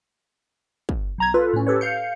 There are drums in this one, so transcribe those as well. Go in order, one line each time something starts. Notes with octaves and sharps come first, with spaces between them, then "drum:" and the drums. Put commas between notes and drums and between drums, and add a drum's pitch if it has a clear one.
drum: kick
B1 A#5 G#6
F4 A4 B4
A2 C#4
G4 A4 B4 C#5
F5 G6 C#7